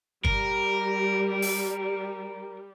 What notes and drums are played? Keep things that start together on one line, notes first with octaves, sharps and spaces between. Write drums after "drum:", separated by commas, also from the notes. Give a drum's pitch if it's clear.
G3 A#4, drum: kick
drum: open hi-hat